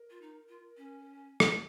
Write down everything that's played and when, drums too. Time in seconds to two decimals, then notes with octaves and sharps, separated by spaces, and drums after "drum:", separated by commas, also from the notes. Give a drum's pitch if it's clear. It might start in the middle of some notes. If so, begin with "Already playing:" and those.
Already playing: A#4
0.10 F4
0.22 D#4
0.49 F4
0.77 C#4
1.40 drum: rim click